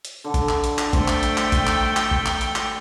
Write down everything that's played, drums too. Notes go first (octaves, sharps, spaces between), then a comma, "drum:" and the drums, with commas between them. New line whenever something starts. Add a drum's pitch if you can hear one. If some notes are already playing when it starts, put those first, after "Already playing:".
drum: hi-hat
D3
drum: kick G#1, hi-hat
drum: clap
drum: hi-hat
drum: clap
A3 C5 G5, drum: kick G#1, hi-hat
drum: clap
drum: hi-hat
drum: clap
drum: kick G#1, hi-hat
drum: clap
drum: clap
drum: kick G#1
drum: clap
drum: hi-hat
drum: clap